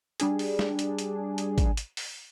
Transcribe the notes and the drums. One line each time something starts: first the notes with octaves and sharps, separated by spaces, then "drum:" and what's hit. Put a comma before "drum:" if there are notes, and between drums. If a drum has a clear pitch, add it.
G3 D4 G#4, drum: hi-hat
drum: open hi-hat
drum: snare
drum: hi-hat
drum: hi-hat
drum: hi-hat
drum: kick, hi-hat
drum: hi-hat
drum: open hi-hat